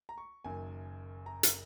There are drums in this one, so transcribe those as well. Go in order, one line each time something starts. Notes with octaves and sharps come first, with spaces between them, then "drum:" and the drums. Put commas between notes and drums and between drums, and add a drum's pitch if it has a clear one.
A#5
C#6
F#1 F#2 D#3 G#5
A#5
drum: hi-hat